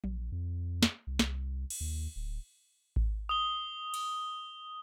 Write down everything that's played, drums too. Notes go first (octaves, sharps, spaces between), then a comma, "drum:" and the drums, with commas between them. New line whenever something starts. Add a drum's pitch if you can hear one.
A#1, drum: tom
F2
drum: snare
C2
drum: snare
drum: cymbal
D#2
D1
drum: kick G#1
D#6 G7
drum: cymbal